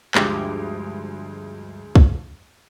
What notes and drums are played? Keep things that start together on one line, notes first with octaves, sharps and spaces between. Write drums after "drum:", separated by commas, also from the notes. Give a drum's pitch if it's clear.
D2 G2 F3 G#3 G4, drum: clap
drum: kick